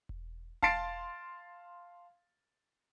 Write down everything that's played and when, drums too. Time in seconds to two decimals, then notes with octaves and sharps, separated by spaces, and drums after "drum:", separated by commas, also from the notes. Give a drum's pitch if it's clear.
0.09 drum: kick E1
0.62 F5 A5 C6 A6 C7 D7, drum: kick E1